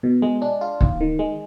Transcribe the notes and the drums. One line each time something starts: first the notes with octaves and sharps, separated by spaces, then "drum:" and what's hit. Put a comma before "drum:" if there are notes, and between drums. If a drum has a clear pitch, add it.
B2
G#3
D4
F4
D#2, drum: kick
D#3
G#3